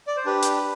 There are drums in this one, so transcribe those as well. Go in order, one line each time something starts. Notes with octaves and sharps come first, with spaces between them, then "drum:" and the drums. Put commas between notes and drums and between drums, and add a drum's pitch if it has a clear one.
D5
C5
D4 G4 B4
drum: hi-hat